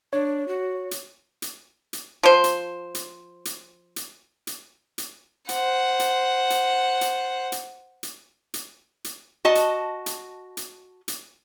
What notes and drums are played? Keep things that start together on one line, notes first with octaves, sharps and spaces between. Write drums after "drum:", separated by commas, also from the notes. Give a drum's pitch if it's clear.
D4 C#5
F#4
drum: hi-hat
drum: hi-hat
drum: hi-hat
F3 C5
drum: hi-hat
drum: hi-hat
drum: hi-hat
drum: hi-hat
drum: hi-hat
drum: hi-hat
C5 F#5, drum: hi-hat
drum: hi-hat
drum: hi-hat
drum: hi-hat
drum: hi-hat
drum: hi-hat
drum: hi-hat
drum: hi-hat
F#4 D#5 A5
drum: hi-hat
drum: hi-hat
drum: hi-hat
drum: hi-hat